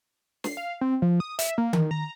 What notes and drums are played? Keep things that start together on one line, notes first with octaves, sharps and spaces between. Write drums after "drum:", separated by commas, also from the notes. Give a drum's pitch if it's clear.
C7, drum: snare
F5
C4
F3
D#6
E5, drum: hi-hat
A#3
D#3, drum: tom D#3
A#5